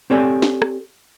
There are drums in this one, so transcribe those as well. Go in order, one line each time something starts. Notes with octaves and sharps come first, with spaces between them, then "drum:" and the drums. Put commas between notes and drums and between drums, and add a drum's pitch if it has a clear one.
C4 G4 A4 C#5 D5 G#5
drum: snare
drum: rim click